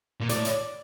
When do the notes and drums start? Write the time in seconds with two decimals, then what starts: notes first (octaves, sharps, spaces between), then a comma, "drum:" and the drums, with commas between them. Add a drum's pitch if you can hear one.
0.20 A#2
0.29 A2 D5, drum: hi-hat
0.45 drum: hi-hat